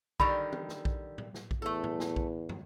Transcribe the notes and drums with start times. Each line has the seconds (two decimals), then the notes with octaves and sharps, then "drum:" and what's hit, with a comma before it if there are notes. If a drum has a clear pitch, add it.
0.20 D3 D#3 G3 B5, drum: kick A#1
0.52 drum: tom
0.69 drum: snare
0.85 drum: kick A#1
1.18 drum: tom A2
1.34 drum: snare
1.51 drum: kick A#1
1.62 E2 A3 A4
1.84 drum: tom A2
2.00 drum: snare
2.16 drum: kick A#1
2.49 drum: tom